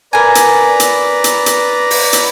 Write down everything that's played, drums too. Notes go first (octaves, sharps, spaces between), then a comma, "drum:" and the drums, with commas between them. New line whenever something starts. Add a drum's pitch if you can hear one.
A#4 B4 D5 G#5 A#5
drum: hi-hat
drum: hi-hat
drum: hi-hat
drum: hi-hat
drum: open hi-hat
drum: hi-hat